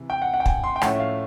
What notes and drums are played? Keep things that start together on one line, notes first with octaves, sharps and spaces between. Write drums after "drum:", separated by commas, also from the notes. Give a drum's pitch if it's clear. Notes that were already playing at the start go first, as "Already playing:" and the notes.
Already playing: C3 E3
G5
F#5
F#5
G5
G#5, drum: kick
C6
G5
A2 F3 A3 C#4 F#5, drum: rim click
E5
F5